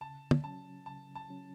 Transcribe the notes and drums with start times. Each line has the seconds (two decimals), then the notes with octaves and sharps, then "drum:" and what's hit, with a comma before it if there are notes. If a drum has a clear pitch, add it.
0.01 C#3 A5
0.31 drum: tom
0.43 F#3 C#4 A5
0.86 C#3 A5
1.15 A5
1.29 F#3 C#4